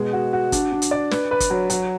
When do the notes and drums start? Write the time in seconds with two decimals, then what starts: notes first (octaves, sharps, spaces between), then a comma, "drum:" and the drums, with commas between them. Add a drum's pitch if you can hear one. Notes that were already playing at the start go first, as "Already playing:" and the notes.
Already playing: B2 G#3
0.13 F#4
0.33 F#4
0.52 D4, drum: kick, hi-hat
0.72 D4
0.82 drum: hi-hat
0.91 D5
1.11 B4, drum: snare
1.31 B4
1.40 drum: kick, hi-hat
1.50 F#3
1.70 F#3, drum: hi-hat